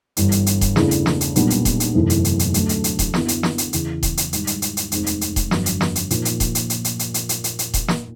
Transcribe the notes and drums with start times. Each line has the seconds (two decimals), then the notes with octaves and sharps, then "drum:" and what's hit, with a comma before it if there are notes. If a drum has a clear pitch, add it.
0.17 G1 G2 E3, drum: hi-hat
0.32 drum: hi-hat
0.46 drum: hi-hat
0.61 drum: kick D#1, hi-hat
0.76 E2 C#3 E3 A3 D4, drum: snare
0.91 drum: hi-hat
1.06 drum: snare
1.21 drum: hi-hat
1.36 B1 A#2 G3 B3 D4, drum: hi-hat
1.50 drum: hi-hat
1.65 drum: kick D#1, hi-hat
1.80 drum: hi-hat
1.95 F#1 E2 C3 E3 A3
2.10 drum: hi-hat
2.25 drum: hi-hat
2.39 drum: hi-hat
2.54 D2 D3 F#3 A3, drum: hi-hat
2.69 drum: hi-hat
2.84 drum: hi-hat
2.99 drum: kick D#1, hi-hat
3.14 F#2 D3 F#3 B3 E4, drum: snare
3.28 drum: hi-hat
3.43 drum: snare
3.58 drum: hi-hat
3.73 E2 C#3 E3, drum: hi-hat
4.03 drum: kick D#1, hi-hat
4.17 drum: hi-hat
4.33 G#2 D#3 G3, drum: hi-hat
4.47 drum: hi-hat
4.62 drum: hi-hat
4.77 drum: hi-hat
4.92 F1 D#2 D#3 G#3 C4, drum: hi-hat
5.06 drum: hi-hat
5.21 drum: hi-hat
5.36 drum: kick D#1, hi-hat
5.51 G1 F2 D3 F#3, drum: snare
5.66 drum: hi-hat
5.81 drum: snare
5.95 drum: hi-hat
6.10 A#2 F3 A#3 D#4, drum: hi-hat
6.25 drum: hi-hat
6.40 drum: kick D#1, hi-hat
6.55 drum: hi-hat
6.70 drum: hi-hat
6.85 drum: hi-hat
6.99 drum: hi-hat
7.14 drum: hi-hat
7.29 drum: hi-hat
7.44 drum: hi-hat
7.59 drum: hi-hat
7.74 drum: kick D#1, hi-hat
7.88 drum: snare